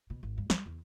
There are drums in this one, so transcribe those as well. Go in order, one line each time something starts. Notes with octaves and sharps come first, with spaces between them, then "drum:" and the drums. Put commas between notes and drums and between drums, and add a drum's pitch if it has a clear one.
B2
G#1
G2
G3, drum: snare
E2